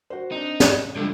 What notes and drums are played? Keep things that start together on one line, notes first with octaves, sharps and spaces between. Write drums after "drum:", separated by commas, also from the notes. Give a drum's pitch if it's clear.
F#4 C5
C4 D4 D#4
drum: snare
C#2 D3 G3 F4 A4